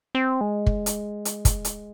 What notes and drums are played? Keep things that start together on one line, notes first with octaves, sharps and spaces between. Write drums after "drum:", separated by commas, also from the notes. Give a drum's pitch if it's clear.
C4
G#3
drum: kick
drum: hi-hat
drum: hi-hat
drum: kick, hi-hat
drum: hi-hat